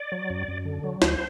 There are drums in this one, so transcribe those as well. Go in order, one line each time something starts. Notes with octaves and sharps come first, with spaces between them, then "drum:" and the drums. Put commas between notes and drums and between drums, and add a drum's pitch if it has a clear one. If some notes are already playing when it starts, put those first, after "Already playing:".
Already playing: D5
F#3
F#2
F#2
D3
F#3
D2 C5, drum: snare